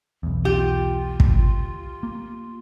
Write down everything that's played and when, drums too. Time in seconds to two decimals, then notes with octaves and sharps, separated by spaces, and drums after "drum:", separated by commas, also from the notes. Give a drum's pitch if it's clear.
0.23 B1 E2
0.45 F4 G4
1.20 drum: kick
2.03 A#3